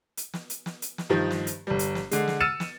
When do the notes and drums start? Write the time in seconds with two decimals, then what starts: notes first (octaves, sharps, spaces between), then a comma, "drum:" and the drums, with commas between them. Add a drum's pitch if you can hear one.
0.17 drum: hi-hat
0.34 drum: snare
0.50 drum: hi-hat
0.66 drum: snare
0.82 drum: hi-hat
0.98 drum: snare
1.10 G2 D#3 F3
1.31 drum: snare
1.47 drum: hi-hat
1.67 G1 G3
1.79 drum: hi-hat
1.95 drum: snare
2.11 D3 G#3, drum: hi-hat
2.28 drum: snare
2.40 E6 F6 A6 C#7 D#7 E7
2.60 drum: snare